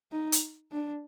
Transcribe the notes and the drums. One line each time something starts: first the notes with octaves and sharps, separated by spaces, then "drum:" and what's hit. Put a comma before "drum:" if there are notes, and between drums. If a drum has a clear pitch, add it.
D#4
drum: hi-hat
D4